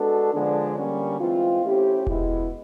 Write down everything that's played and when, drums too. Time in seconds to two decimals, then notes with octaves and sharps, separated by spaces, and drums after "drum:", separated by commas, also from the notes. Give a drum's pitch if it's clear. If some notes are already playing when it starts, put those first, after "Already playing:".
Already playing: G#3 B3 D4 F#4 A4
0.33 D3 F3 G#3 B3 D4
0.76 D3 G3 A#3 C#4
1.19 E3 G#3 C4 F4
1.63 A3 C#4 E4 G4 C5
2.07 B2 G#3 B3 E4, drum: kick E1